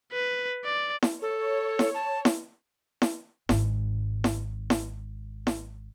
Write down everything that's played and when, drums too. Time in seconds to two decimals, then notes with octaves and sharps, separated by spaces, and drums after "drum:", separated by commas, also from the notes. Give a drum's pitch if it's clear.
0.12 B4
0.65 D5
1.02 drum: snare E4
1.22 A4 C#5
1.79 drum: snare E4
1.94 A5
2.25 drum: snare E4
3.02 drum: snare E4
3.49 G#1 G#2, drum: snare E4
4.24 drum: snare E4
4.70 drum: snare E4
5.47 drum: snare E4